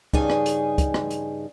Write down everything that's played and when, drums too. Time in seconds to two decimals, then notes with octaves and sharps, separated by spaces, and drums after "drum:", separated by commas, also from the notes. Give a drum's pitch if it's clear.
0.13 G2 C#3 D#4 G#4 G#5, drum: kick
0.30 drum: rim click
0.46 drum: hi-hat
0.78 drum: kick, hi-hat
0.94 drum: rim click
1.10 drum: hi-hat